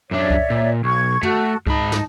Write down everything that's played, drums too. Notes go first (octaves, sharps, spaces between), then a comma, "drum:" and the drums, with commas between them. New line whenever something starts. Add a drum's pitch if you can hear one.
F#2 D4 C#5 D5 E5
drum: kick C#2
A#2
B1 C#6 G#6
A3 F#4 A4, drum: tom
G#2 D#4 A5 B5, drum: kick C#2
drum: snare